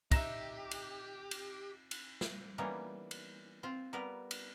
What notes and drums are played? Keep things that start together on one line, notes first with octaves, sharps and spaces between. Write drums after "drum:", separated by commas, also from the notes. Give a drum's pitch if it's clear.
D#4 G4 E5 A#6 E7, drum: kick, cymbal
drum: cymbal
drum: cymbal
drum: cymbal
drum: snare
E3 G3 A#3 B3 C#4 D#4
drum: cymbal
C4 F4
G3 B3 A#4 B4
drum: cymbal